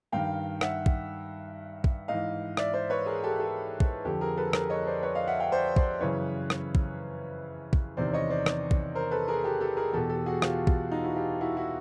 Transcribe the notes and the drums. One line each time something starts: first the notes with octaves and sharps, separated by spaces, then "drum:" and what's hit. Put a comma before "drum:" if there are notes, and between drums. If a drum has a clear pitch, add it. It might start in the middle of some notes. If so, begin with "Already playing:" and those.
G2 D#3 F5 G5
E5 F#5, drum: rim click
drum: kick
drum: kick
G#2 E3 D#5 F5
D5 E5, drum: rim click
C5 D5
B4 C#5
G#4 A#4
G4 A4
G4 A4
drum: kick
F2 D3 G4 A4
G#4 A#4
A4 B4
G#4 A#4, drum: rim click
C#5 D#5
C5 D5
B4 C#5
D#5 F5
E5 F#5
F5 G5
C5 D5
C5 D5, drum: kick
F#2 C#3 E3 B4 C#5
drum: rim click
drum: kick
drum: kick
E2 C3 D#3 C5 D5
C#5 D#5
C5 D5
drum: rim click
drum: kick
A#4 C5
A4 B4
G#4 A#4
G4 A4
G4 A4
G#4 A#4
E2 B2 G4 A4
G4 A4
F#4 G#4
F4 G4, drum: rim click
drum: kick
D#4 F4
E4 F#4
F4 G4
E4 F#4
E4 F#4